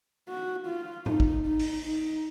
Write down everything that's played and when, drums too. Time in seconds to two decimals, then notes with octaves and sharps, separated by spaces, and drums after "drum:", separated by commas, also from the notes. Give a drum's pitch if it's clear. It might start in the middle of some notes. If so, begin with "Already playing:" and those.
0.28 F#4
0.67 F4
1.06 D#4, drum: tom A2
1.20 drum: kick
1.46 D#4
1.59 drum: open hi-hat
1.85 D#4